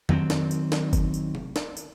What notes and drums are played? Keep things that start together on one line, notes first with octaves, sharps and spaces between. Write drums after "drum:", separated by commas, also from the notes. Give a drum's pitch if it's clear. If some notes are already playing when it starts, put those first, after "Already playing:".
D#3 F#3 G#3 C4, drum: tom F2
drum: snare
drum: tambourine
drum: snare
drum: kick F#1, tambourine
drum: tambourine
drum: tom C3
drum: snare
drum: tambourine